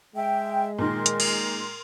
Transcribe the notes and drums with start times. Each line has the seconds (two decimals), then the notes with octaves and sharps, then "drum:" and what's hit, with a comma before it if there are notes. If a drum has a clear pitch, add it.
0.15 G#3 E5 G5
0.79 A#2 D#3 A#4 C6
1.06 drum: hi-hat
1.20 drum: cymbal